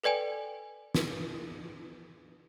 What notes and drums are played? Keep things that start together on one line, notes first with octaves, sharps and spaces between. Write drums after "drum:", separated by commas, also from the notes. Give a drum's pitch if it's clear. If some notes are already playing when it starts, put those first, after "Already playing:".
A4 B4 D5 G5 G#5
drum: snare